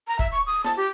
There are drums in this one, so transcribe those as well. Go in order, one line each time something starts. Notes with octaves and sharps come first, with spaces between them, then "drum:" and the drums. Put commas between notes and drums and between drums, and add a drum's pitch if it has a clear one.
A#5
E5, drum: kick
C#6
D#6
A5, drum: snare
G4